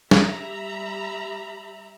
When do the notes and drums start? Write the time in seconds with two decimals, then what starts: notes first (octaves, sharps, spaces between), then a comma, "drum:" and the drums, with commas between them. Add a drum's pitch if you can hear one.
0.11 G3 E5 A#5 B5, drum: snare